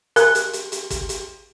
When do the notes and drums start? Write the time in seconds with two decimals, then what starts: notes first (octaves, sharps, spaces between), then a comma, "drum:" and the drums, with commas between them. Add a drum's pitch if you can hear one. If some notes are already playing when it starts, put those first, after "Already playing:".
0.16 A#4, drum: hi-hat
0.35 drum: hi-hat
0.53 drum: hi-hat
0.72 drum: hi-hat
0.90 drum: kick, hi-hat
1.09 drum: hi-hat